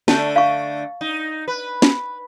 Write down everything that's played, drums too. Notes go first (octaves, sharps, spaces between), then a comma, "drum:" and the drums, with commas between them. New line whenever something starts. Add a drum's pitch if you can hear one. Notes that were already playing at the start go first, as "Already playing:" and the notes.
D3 A3 A5, drum: snare
F5 C#6
D#4
B4
drum: snare